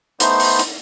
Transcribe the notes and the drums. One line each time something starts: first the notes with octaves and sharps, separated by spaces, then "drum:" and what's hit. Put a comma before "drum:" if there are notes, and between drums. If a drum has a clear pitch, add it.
A3 B3 D#4 C5, drum: hi-hat
drum: open hi-hat
drum: hi-hat